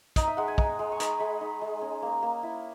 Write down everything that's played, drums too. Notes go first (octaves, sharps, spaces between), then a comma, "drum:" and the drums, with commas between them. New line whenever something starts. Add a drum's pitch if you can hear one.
D#4 D#5, drum: kick, hi-hat
E5
G#3 F#5
G#5
D#4, drum: kick
G#3
C#6
D#4 B5, drum: hi-hat
G#3 B5
D#4
G#3
C#4
A#3
A#3
E4